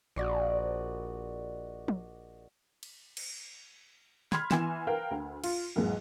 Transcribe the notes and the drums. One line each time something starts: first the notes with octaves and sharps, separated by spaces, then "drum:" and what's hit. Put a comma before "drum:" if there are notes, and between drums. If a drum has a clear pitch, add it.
A#1 F#4 D5 D#5
drum: tom
drum: cymbal
drum: cymbal
B5 C6 F6 G#6, drum: snare
E3 B3 G#5 C6 G#6 E7, drum: snare
A#4 B4 F5 G5
D2
F4, drum: cymbal
B1 E2 G#2